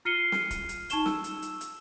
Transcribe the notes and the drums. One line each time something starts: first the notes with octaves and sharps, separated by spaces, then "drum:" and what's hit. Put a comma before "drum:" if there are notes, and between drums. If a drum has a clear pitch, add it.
F4 F6 C7 C#7 D#7 G7
drum: snare
drum: kick, hi-hat
drum: hi-hat
D#4 A5 C#6 E7 G7, drum: hi-hat
E6, drum: snare
drum: hi-hat
drum: hi-hat
drum: hi-hat